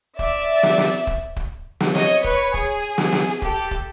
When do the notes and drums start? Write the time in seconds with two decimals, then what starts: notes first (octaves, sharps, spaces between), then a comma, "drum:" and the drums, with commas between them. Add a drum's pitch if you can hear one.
0.19 D5 E5, drum: kick
0.63 drum: snare
0.78 drum: snare
1.07 drum: kick
1.36 drum: kick
1.80 drum: snare
1.95 C#5 D#5, drum: snare
2.24 B4 C#5, drum: kick
2.54 G#4, drum: kick
2.98 drum: snare
3.12 drum: snare
3.42 G4 A4, drum: kick
3.71 drum: kick